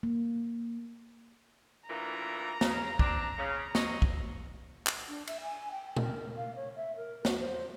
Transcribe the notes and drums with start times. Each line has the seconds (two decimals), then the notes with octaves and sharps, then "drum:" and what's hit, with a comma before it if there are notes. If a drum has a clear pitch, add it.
0.03 A#3
1.89 D2 A#2 E3 A#5
2.61 C#3, drum: snare
2.99 C4 D4, drum: kick
3.38 C#3
3.75 C4 C#5 D#5, drum: snare
4.02 drum: kick
4.87 drum: clap
5.07 D4
5.27 E5, drum: cymbal
5.42 G#5
5.71 G5
5.96 A#4, drum: tom A#2
6.36 F5
6.56 C#5
6.76 E5
6.96 A#4
7.25 F#4, drum: snare
7.40 C5